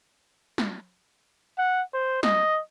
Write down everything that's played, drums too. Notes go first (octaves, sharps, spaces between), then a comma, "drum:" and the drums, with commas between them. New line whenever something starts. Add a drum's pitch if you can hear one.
drum: snare
F#5
C5
D#5, drum: snare